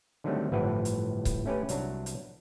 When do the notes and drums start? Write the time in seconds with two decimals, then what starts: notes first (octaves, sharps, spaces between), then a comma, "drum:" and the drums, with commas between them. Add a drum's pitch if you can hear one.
0.24 D3 D#3 F#3 G3 A3 C4
0.52 G1 A2 E3 F3 B4 F#5
0.85 drum: hi-hat
1.25 drum: kick C#1, hi-hat
1.46 A3 C#4 G4 B4
1.69 C2 F#3 D4 A#5, drum: hi-hat
2.06 drum: hi-hat